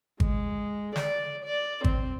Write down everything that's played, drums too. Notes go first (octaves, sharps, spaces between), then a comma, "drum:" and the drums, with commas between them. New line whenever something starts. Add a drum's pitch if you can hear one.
G#3, drum: kick G#1
D5, drum: snare
D5
C4, drum: kick G#1